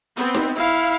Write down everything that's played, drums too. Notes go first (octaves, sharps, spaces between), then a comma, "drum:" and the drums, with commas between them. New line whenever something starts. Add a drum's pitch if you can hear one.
B3 C4, drum: hi-hat
drum: snare D#4
E4 F5